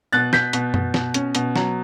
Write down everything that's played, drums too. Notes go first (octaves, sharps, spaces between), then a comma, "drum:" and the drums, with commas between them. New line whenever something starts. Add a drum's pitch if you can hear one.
B2 F#6 A6
B2 G6 B6, drum: snare
B2, drum: hi-hat
B2, drum: tom F#2
B2, drum: snare
C#4, drum: hi-hat
B2, drum: hi-hat
F#3, drum: snare